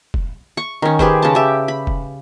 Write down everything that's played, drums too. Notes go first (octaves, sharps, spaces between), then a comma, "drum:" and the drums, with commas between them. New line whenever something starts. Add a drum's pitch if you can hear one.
drum: kick F1
C#6
D#3 C#4
G4 G#4 B4 C5, drum: kick F1
C#3 A5
G4 E5
B5
drum: kick F1